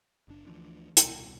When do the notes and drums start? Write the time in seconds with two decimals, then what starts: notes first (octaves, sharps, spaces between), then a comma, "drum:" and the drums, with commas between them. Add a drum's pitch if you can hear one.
0.28 F#1 D4
0.47 D2 E3 F3 D4
0.97 D#1 C2 B2, drum: hi-hat